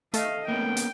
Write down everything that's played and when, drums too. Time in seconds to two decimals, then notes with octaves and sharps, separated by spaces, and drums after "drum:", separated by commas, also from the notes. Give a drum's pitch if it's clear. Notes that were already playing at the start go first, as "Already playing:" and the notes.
0.14 A3 D#5 F5, drum: hi-hat
0.48 A#3 B3 C#4 G5
0.77 drum: hi-hat